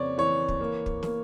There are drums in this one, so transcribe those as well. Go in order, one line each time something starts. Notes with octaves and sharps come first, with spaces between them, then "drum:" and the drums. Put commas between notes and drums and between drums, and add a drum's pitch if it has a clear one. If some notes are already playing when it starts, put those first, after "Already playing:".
Already playing: F2 C#3 C#5 D5
E3 C#5
drum: kick
A#3
drum: kick
A#3, drum: snare